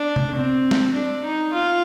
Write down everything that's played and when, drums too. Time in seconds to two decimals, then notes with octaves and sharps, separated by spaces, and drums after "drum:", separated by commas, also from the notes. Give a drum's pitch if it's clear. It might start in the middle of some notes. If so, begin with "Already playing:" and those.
Already playing: D4
0.16 drum: tom C3
0.35 C4
0.71 drum: snare
0.94 D4
1.23 D#4
1.53 F4